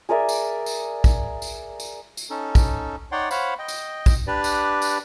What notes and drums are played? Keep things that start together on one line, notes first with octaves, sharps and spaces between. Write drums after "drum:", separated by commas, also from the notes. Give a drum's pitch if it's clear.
G#4 A#4 D5 E5
drum: tambourine
drum: tambourine
drum: kick, tambourine
drum: tambourine
drum: tambourine
drum: tambourine
C#4 D#4 A4
drum: kick, tambourine
D#4 C#5 D5 F#5 G5 C6
C5 C#5 F5 F#5 B5, drum: tambourine
D#5 G5
drum: tambourine
drum: kick, tambourine
D4 G4 B4 D5
drum: tambourine
drum: tambourine